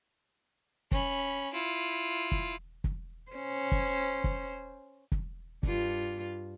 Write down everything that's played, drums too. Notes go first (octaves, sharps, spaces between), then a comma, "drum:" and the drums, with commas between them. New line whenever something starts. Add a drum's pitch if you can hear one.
C#4 B5, drum: kick
E4 F4
drum: kick
drum: kick
C#4 C5
drum: kick
drum: kick
drum: kick
G2 F4, drum: kick